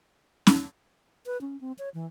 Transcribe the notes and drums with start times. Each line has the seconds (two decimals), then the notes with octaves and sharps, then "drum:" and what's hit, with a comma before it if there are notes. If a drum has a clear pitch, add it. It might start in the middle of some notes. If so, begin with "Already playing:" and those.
0.47 drum: snare C#4
1.26 B4
1.41 C#4
1.61 C4
1.79 C#5
1.94 E3